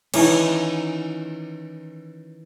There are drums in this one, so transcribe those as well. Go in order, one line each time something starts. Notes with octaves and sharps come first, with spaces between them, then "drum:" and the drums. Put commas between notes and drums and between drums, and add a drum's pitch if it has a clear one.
D#3 E3 C#4, drum: cymbal